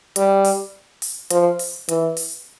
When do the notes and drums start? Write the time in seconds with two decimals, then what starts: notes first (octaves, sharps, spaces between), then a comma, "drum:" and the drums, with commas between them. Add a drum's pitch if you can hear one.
0.16 G3, drum: hi-hat
0.45 drum: open hi-hat
1.02 drum: open hi-hat
1.31 F3, drum: hi-hat
1.59 drum: open hi-hat
1.89 E3, drum: hi-hat
2.17 drum: open hi-hat